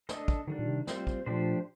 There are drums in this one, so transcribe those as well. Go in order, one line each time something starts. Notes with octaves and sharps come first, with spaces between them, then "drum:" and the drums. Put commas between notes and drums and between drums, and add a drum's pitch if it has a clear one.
D4 A4 D#5, drum: snare
drum: kick
D3 D#3 G3 D4
A#2
C3
G3 C4 F4 C5, drum: snare
drum: kick
A#2 F3 A3 D4 G4 C5